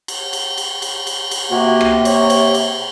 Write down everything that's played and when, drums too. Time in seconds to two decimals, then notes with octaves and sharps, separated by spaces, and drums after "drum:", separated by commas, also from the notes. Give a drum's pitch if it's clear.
0.08 drum: cymbal
0.33 drum: cymbal
0.58 drum: cymbal
0.82 drum: cymbal
1.07 drum: cymbal
1.31 drum: cymbal
1.52 C3 A#3 F#4
1.81 drum: rim click
2.05 C#5, drum: cymbal
2.30 drum: cymbal
2.54 drum: cymbal